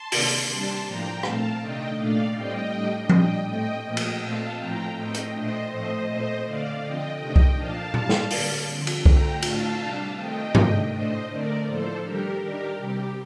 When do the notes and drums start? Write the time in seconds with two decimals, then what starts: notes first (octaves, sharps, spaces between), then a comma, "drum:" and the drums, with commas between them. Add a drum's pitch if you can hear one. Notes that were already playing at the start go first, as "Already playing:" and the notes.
Already playing: A5 C6
0.12 C3 D#3 A#3 D4, drum: open hi-hat
0.49 C3 G3 D4 A5 C6
0.86 A2 F3 A#3 D4 G5 A#5
1.23 A#2 A3 C4 F5 A5, drum: rim click
1.61 C3 D#3 A3 D4 D#5 G5
1.98 A#2 A3 D4 D5 F5
2.35 A2 G3 C4 D#5 G5
2.73 A2 G3 D4
3.09 A#2 G3 D4 D#5 G5, drum: tom F3
3.47 A2 A3 C4 D#5 G5
3.84 A#2 F3 A#3 D#5 G5
3.97 drum: cymbal
4.22 A#2 A3 C4 F5 A5
4.58 A2 F3 C4 G5 A#5
4.95 A2 A3 C4 D#5 G5
5.15 drum: hi-hat
5.33 A#2 A3 D4 C5 D#5
5.71 A2 F3 A3 C4 C5 D#5
6.07 A#2 A3 C4 C5 D#5
6.45 D3 A3 D4 D5 F5
6.83 D3 F3 C4 D#5 G5
7.19 C3 D#3 A3 D4 D#5 G5
7.36 drum: kick C2
7.57 A#2 F3 A#3 D4 F5 A5
7.94 A2 G3 A#3, drum: tom A#2
8.09 drum: snare
8.31 D3 G3 A#3, drum: open hi-hat
8.68 D3 F3 C4
8.87 drum: cymbal
9.06 D3 A3 C4 G5 A#5, drum: kick C2
9.42 A2 A3 D4 F5 A5, drum: cymbal
9.80 C3 G3 D4
10.17 D#3 A3 C4 D#5 G5
10.55 C3 D#3 A3 D4, drum: tom G2
10.92 A2 A3 D4 C5 D#5
11.29 D3 A3 C4 A#4 D5
11.66 A2 F3 A#3 A4 C5
12.03 D#3 G3 D4 G4 A#4
12.41 D#3 G3 D4 G4 A#4
12.78 C3 G3 C4 G4